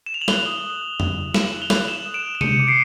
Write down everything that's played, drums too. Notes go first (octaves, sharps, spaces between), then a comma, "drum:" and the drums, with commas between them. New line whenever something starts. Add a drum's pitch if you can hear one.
E7
F7
F#7
F#6 F7 G7, drum: snare
D#6
D#6
F#6
F#6, drum: tom F2
D#6
D#6 E7 F#7, drum: snare
F#6
F7 G7
F#6, drum: snare
D#6 E7 F#7
D#6
D7 E7
F#6
E7
G6 C#7 D#7, drum: tom C3
D6
C7 D7